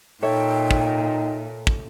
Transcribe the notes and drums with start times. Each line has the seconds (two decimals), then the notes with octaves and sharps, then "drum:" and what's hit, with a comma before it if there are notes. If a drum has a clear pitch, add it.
0.22 A#2 D#4 A4 C#5 E5 G5
0.71 drum: kick
1.67 drum: kick